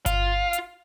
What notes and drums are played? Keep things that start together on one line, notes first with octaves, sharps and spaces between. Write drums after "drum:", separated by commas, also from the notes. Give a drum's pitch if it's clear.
F4, drum: kick G1, hi-hat
drum: hi-hat